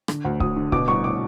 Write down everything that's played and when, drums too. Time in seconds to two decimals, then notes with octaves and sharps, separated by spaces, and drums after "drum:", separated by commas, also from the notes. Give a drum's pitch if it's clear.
0.08 D3, drum: rim click
0.25 D2
0.40 D2 D#6, drum: kick C#1
0.56 D3
0.72 B2 D6, drum: kick C#1
0.88 C2 C#6
1.04 D6